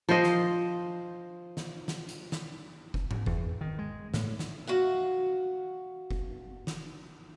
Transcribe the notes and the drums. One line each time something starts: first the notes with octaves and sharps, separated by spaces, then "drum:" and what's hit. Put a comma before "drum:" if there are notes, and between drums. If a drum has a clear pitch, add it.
F3 C5 D#5
drum: snare
drum: snare
drum: snare
drum: hi-hat
drum: snare
drum: kick F1
drum: tom G#2
E2, drum: kick F1
D#3
G#3
A2, drum: snare
drum: snare
F#4 F5 F#5
drum: kick F1
drum: snare